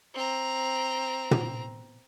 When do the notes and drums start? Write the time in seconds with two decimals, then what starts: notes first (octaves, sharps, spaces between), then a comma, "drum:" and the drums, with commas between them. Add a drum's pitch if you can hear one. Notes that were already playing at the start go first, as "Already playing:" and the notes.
0.14 C4 A#5
1.31 drum: tom